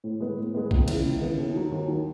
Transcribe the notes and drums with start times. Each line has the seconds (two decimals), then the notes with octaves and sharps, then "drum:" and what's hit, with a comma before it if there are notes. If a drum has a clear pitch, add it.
0.04 A2
0.20 G#3 B3
0.37 A2
0.54 G#3 B3
0.71 C#2, drum: kick A#1
0.88 C#3 E3 B3 E4, drum: cymbal
1.04 C#2
1.21 C#3 E3 B3 E4
1.37 D#2
1.54 D#3 F#3
1.71 D#2
1.88 D#3 F#3